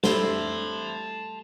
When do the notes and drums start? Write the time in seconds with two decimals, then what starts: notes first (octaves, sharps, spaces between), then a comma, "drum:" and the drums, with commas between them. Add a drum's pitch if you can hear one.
0.04 G3 A3 C4 D4 E4 A5 C6, drum: snare